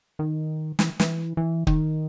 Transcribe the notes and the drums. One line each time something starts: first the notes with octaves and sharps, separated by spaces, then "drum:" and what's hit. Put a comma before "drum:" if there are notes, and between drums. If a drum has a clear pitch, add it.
D#3
E3, drum: snare
E3, drum: snare
E3
D#3, drum: kick